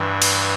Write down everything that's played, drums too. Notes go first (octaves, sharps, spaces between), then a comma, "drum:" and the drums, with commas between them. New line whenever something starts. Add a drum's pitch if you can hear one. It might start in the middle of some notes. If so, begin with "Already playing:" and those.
Already playing: G2 E3
drum: cymbal